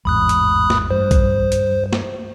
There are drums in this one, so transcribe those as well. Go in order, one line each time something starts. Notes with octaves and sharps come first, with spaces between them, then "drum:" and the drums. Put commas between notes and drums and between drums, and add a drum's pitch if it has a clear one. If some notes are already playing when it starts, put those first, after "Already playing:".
A1 E2 G#2 B5 D#6 F#6
drum: hi-hat
drum: snare
G2 C5
drum: kick, hi-hat
drum: hi-hat
drum: snare